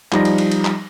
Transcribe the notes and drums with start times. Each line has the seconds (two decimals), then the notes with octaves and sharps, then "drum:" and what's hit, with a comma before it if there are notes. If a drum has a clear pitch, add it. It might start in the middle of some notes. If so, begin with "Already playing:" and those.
0.12 F3 G3 D#4 D5 A#6, drum: clap
0.25 drum: cymbal
0.38 drum: cymbal
0.52 drum: cymbal
0.65 drum: clap